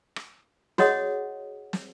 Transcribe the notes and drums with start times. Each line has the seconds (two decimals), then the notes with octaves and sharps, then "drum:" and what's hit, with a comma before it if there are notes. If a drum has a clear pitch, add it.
0.16 drum: rim click
0.78 F#4 G#4 C#5 D#5 F#5 D#6, drum: snare
1.73 drum: snare